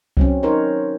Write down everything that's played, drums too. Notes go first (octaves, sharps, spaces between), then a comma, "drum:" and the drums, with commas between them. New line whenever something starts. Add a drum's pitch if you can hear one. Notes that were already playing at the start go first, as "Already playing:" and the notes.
F#3 C4 C#4, drum: kick C2
D#4 A#4 C5 C#5